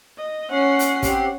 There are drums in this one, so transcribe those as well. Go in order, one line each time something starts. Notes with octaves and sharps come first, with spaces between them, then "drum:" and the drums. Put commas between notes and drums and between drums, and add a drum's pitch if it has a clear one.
D#5
C#4 F#5 C7
drum: hi-hat
C4 G4, drum: kick, hi-hat